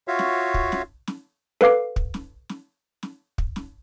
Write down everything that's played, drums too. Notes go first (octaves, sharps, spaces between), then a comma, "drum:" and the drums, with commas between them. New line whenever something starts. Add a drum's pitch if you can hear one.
F4 F#4 C#5 E5 F5
drum: snare
drum: kick
drum: snare
drum: snare
A4 B4 F5 D6 C7, drum: snare
drum: kick
drum: snare
drum: snare
drum: snare
drum: kick
drum: snare